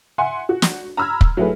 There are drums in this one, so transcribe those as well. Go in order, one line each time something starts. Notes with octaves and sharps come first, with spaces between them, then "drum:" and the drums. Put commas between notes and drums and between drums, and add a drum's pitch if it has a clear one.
E5 F#5 G#5 C6
F#4
drum: snare
A#5 B5 E6 F6 G#6
drum: kick
F#3 A3 E4 G#4 B4